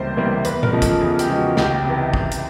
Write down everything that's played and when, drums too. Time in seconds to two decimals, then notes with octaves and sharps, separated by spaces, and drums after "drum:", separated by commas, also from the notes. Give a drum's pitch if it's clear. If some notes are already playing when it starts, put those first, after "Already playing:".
Already playing: C#2 C3 E3 G3 A#3 C5
0.17 C3 E3 G3 A#3
0.45 E2 B4, drum: hi-hat
0.63 A#4, drum: tom A#2
0.73 C#3 F3 G#3
0.82 A4, drum: kick, hi-hat
1.01 E2 G#4
1.19 G4, drum: hi-hat
1.29 C#3 F3 G#3
1.38 F#4
1.57 C#2 G4, drum: snare
1.85 C3
1.90 E3
2.13 C#2, drum: kick
2.32 drum: hi-hat